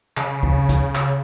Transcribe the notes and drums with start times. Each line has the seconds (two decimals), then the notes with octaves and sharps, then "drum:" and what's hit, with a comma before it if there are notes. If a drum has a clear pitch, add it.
0.17 C#3, drum: clap
0.43 drum: kick
0.69 drum: kick, hi-hat
0.95 drum: clap